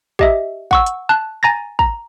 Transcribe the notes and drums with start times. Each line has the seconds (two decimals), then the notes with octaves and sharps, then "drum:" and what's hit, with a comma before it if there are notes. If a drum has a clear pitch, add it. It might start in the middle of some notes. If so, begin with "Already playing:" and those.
0.19 G4 D#5 E5, drum: kick
0.71 F#5 C#6 E6, drum: kick
0.86 drum: hi-hat
1.09 A5 F#6
1.43 G#5 A#5 A6 A#6
1.79 A#5, drum: kick